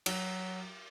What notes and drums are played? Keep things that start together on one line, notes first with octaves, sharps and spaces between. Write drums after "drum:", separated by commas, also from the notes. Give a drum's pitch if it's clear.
F#3, drum: cymbal